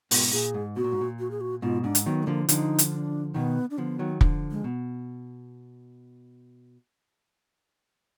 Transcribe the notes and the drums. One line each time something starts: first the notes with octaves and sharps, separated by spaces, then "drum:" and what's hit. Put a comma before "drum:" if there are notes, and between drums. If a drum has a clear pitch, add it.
G#2 B2, drum: open hi-hat
A#2 G#4
G#2
B2 F#4
A#2
G#2
A#2
F#4
G#4
F#4
G#2 B2 F4
G#2 D4
drum: hi-hat
D#3 F#3 B3
G#3
D3 F3 A#3
D3 F3 D#4, drum: hi-hat
drum: hi-hat
D4
B2 D#3 B3
D4
D3 F3 B3
D#3 F#3
D3 F3, drum: kick
G#3
B2